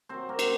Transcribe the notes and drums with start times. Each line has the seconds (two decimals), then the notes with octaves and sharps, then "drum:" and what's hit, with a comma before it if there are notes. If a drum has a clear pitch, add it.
0.09 C3 F#3 C4 C5
0.29 A#3 A#4
0.39 drum: cymbal